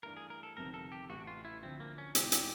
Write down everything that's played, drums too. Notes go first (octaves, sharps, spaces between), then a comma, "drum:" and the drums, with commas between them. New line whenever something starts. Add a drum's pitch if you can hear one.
G2 E3 A3 D4 A#4
G#4
A#4
A4
G1 F2 C3 D#3 A#4
A4
G4
A1 A2 E3 A3 F#4
F4
E4
D2 D3 F3 C4
A#3
C#4
E2 B2 G#3 C4 G4, drum: hi-hat
drum: hi-hat